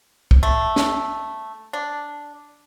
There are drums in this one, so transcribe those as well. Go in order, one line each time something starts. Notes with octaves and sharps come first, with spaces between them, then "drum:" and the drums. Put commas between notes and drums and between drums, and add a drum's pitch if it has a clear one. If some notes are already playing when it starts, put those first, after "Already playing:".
drum: kick
A3
drum: snare
D4